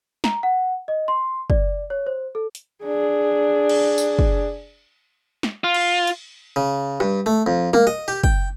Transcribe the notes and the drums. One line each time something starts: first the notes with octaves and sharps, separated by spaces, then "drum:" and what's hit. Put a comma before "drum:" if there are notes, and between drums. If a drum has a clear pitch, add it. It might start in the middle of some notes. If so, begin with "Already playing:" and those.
A#5, drum: snare
F#5
D#5
C6
D5, drum: kick
C#5
C5
A4
drum: hi-hat
D4 G#4
drum: cymbal
drum: tambourine
drum: kick
drum: snare
F4
drum: cymbal
drum: hi-hat
C#3
G2, drum: rim click
A3
F2
A#3, drum: tom G3
D#5, drum: rim click
G4
G5, drum: kick